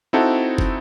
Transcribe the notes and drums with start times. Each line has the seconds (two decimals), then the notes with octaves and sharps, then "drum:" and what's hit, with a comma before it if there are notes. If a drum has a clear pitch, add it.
0.13 C4 D#4 E4 F#4 A4
0.58 drum: kick